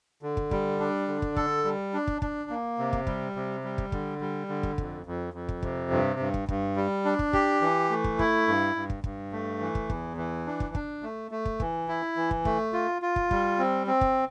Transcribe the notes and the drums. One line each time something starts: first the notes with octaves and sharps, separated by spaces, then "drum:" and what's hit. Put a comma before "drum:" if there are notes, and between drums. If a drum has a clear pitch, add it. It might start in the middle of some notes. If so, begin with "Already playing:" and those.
D3
drum: kick
G3, drum: kick
D4
D3
drum: kick
A4, drum: kick
G3
D4
drum: kick
D4, drum: kick
A#3
C3
drum: kick
G3, drum: kick
C3
G3
drum: kick
D3, drum: kick
G3
D3
drum: kick
F2, drum: kick
F2
F2
drum: kick
C3, drum: kick
G2
G2
drum: kick
G2, drum: kick
G3
D4
drum: kick
G4, drum: kick
E3
A3
drum: kick
E4, drum: kick
G2
G2
drum: kick
G2, drum: kick
A3
E3
drum: kick
E2, drum: kick
E3
D4
drum: kick
D4, drum: kick
A3
A3
drum: kick
E3, drum: kick
E4
E3
drum: kick
A3, drum: kick
F4
F4
drum: kick
G3, drum: kick
C4
C4
drum: kick